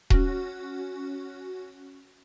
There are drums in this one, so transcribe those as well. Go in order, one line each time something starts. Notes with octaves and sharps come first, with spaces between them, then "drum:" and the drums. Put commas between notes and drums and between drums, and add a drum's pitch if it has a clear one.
C#4 F#4, drum: kick D#1